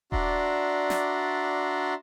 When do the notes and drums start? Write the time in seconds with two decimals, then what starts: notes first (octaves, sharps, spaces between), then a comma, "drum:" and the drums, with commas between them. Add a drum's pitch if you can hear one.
0.12 D4 F#4 D5 E5 A#5 C6, drum: kick D#1
0.90 drum: snare